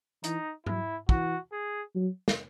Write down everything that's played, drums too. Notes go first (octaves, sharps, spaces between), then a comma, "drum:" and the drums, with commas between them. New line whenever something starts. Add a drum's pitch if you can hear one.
E3 D#4, drum: hi-hat
F#3 E4, drum: tom G#2
E3 F#4, drum: kick
G#4
F#3
drum: snare